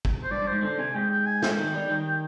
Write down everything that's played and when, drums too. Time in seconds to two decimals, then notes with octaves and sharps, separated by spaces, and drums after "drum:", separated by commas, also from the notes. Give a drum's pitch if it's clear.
0.05 drum: kick
0.23 C5
0.31 G2 D5
0.42 G2
0.47 C5
0.52 G#2
0.63 D3 C5
0.79 C3 G#5
0.95 G#2 G5
1.10 G5
1.26 G#5
1.42 G5, drum: snare
1.58 D#3
1.74 G3
1.89 D#3